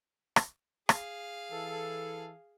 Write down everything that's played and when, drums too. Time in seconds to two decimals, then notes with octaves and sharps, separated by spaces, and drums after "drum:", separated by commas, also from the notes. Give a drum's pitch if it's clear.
0.36 drum: rim click
0.89 G#4 F5, drum: rim click
1.51 E3 A4